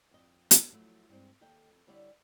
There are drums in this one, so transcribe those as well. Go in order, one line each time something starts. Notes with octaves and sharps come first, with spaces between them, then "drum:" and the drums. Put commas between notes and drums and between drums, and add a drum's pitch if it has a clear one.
F2 D#5
drum: hi-hat
F3 F#3 A3 E4
G2 G#3 C4
D#2 A4 D#5 G5
F2
D3 G3 E4 G4 C#5 D5